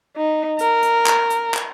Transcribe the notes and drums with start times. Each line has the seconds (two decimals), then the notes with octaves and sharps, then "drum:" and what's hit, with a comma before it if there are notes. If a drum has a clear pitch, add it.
0.16 D#4
0.59 A#4, drum: hi-hat
0.83 drum: hi-hat
1.06 drum: clap
1.30 drum: hi-hat
1.54 drum: clap